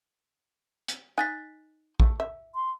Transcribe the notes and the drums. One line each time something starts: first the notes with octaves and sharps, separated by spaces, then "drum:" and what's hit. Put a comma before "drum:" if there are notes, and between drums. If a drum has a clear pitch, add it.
drum: hi-hat
D#4 G#5 F#6 A6 B6
A3, drum: kick
E5
C6